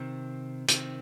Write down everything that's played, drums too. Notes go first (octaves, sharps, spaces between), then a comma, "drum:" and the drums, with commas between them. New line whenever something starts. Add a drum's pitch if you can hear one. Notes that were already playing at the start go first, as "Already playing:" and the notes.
Already playing: C3 D#3 C4
C3 D#3 C4, drum: hi-hat